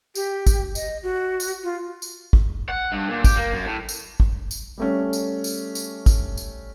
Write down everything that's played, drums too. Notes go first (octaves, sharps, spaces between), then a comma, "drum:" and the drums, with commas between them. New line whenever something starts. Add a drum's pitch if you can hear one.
G4, drum: tambourine
drum: kick, tambourine
D#5, drum: tambourine
F#4
drum: tambourine
F4
drum: tambourine
drum: kick
F#5
G2
A#2
G4, drum: kick, tambourine
A#3
F#2
A2
drum: tambourine
drum: kick
drum: tambourine
G3 A3 C#4
drum: tambourine
drum: tambourine
drum: tambourine
drum: kick, tambourine
drum: tambourine